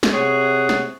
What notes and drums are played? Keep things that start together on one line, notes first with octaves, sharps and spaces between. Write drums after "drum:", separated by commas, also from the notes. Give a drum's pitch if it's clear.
drum: snare
C3 G#4 C#5 F#5
drum: snare